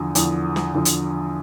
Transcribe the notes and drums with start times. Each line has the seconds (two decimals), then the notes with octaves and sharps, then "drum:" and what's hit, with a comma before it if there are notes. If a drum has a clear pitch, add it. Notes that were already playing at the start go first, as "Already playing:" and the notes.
Already playing: E2 D3 F3
0.15 E2 D3 F3, drum: hi-hat
0.56 drum: snare
0.74 E2 D3 F3
0.85 drum: hi-hat